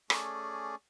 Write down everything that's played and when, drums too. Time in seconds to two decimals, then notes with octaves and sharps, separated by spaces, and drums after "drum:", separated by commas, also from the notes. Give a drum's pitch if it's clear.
0.10 A3 C#4 G#4 D5, drum: rim click